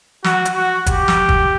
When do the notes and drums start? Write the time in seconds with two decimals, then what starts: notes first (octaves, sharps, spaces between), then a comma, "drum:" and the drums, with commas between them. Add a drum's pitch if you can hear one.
0.24 F#4, drum: snare
0.45 drum: hi-hat
0.56 F#4
0.86 G4, drum: kick, hi-hat
1.08 drum: snare
1.29 drum: kick